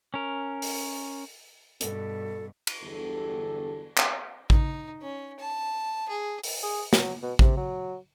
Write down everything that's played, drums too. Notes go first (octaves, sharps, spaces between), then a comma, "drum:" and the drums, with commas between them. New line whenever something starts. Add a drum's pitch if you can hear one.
C#4 A#4
drum: open hi-hat
G2 B2 A4, drum: hi-hat
drum: cymbal
G1 E2 D3 F#3 G4 A4
drum: clap
D#4, drum: kick A1
C#4
A5
G#4
drum: open hi-hat
G#4
F#3, drum: snare
B2
C3, drum: kick A1
F#3